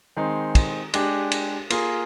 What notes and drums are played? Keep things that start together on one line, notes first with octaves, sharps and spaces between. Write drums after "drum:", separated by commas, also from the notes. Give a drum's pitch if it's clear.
D#3 G#3 C4 D#4
drum: kick, cymbal
G#3 D4 G4, drum: cymbal
drum: cymbal
A#3 F4 G#4, drum: cymbal